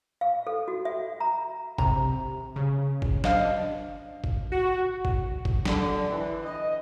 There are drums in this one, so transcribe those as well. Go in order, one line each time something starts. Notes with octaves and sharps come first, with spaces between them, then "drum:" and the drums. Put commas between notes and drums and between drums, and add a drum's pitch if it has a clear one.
F5
A4
F#4
E5
A#5
C3 A#5, drum: kick G1
C#3
drum: kick G1
D4 C5 D#5 F5, drum: snare
drum: kick G1
F#4
drum: kick G1
drum: kick G1
D3, drum: snare
E3
D#5